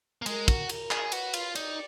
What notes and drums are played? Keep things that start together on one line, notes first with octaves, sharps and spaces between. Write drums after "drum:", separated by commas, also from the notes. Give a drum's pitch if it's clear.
A#3
G#3 A#4, drum: cymbal
F#4, drum: kick, cymbal
A#4, drum: cymbal
G#4, drum: clap
F#4 B4, drum: cymbal
F4, drum: cymbal
D#4 D5, drum: cymbal